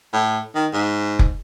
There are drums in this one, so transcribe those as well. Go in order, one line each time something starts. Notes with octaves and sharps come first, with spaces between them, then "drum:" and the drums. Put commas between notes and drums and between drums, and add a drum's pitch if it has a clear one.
A2
D#3
G#2
drum: kick F1